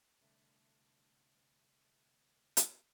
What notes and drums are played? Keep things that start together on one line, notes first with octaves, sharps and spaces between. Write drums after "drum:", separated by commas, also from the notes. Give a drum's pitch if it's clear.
C2 D3 A3
drum: hi-hat